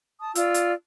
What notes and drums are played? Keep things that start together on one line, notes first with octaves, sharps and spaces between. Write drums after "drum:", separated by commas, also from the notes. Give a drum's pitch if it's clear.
A5 D#6
F4 D5 E6, drum: hi-hat
drum: hi-hat